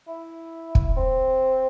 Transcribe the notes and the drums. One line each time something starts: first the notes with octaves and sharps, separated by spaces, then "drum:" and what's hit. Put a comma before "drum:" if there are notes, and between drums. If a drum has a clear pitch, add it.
E4
drum: kick
C4